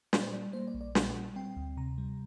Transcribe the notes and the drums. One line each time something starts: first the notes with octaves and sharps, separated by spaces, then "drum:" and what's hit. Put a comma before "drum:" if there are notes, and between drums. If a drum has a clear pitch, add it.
A#2 D5, drum: snare
C5
G3 D5
A#3 C5
D5
A#1
D5
A#2 F#5, drum: snare
G3
C4 G5
D2
C3 A#5
G3